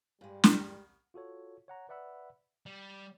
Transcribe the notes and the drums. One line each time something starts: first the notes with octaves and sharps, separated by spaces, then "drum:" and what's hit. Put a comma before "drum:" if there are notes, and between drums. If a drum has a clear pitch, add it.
G2 G3 G#3
drum: snare
F4 F#4 A4 C#5
C#5 F#5 A#5
B4 D5 E5 F#5 B5 E6
G3